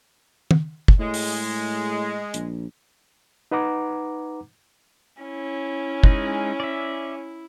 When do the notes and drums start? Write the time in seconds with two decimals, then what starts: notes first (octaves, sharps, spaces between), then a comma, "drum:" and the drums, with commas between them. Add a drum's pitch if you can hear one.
0.51 drum: tom
0.88 drum: kick
0.99 A2 G#3
1.14 drum: open hi-hat
2.34 A#1, drum: hi-hat
3.51 D#4 B4 F#5 A#5 D6
5.22 C#4 E4
6.04 G#3 D#4 G#4, drum: kick
6.60 D5 E5